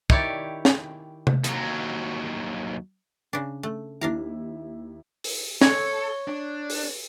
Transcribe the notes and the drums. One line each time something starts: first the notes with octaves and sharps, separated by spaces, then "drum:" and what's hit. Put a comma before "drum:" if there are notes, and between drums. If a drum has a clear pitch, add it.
D#3 E4 G4 C#5 D5, drum: kick
drum: snare
drum: tom C3
D#2 F#3, drum: hi-hat
C#3 D4
A3
D#2 D4 E4 F5 A#5
drum: open hi-hat
A4 C#5, drum: snare
D4
drum: open hi-hat